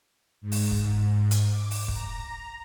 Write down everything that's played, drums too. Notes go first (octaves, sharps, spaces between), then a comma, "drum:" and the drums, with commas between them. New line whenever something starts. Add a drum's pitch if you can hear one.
G#2
drum: open hi-hat
drum: kick
drum: hi-hat
D6
drum: open hi-hat
A#5, drum: kick